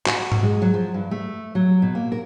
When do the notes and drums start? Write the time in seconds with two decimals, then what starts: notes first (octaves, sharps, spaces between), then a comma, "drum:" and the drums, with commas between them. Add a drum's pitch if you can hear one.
0.06 F#4, drum: clap
0.32 drum: tom G#2
0.43 G#3
0.62 F#3
0.74 F3
0.94 G2
1.11 A3
1.55 F#3
1.82 B2
1.95 A#3
2.12 A#4